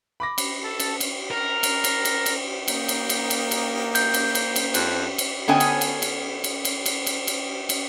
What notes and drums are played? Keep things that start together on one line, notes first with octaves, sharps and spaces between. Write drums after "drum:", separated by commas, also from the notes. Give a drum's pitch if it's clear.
B5 D6 A#6
drum: cymbal
A4 A5
drum: cymbal
drum: cymbal
A#4
drum: cymbal
drum: cymbal
drum: cymbal
drum: cymbal
A#3 D#4 G5, drum: cymbal
drum: cymbal
drum: cymbal
drum: cymbal
drum: cymbal
G6, drum: cymbal
drum: cymbal
drum: cymbal
drum: cymbal
F2, drum: cymbal
drum: cymbal
D3 B3 C#4 D#5 G5 G#5
drum: cymbal
drum: cymbal
drum: cymbal
drum: cymbal
drum: cymbal
drum: cymbal
drum: cymbal
drum: cymbal
drum: cymbal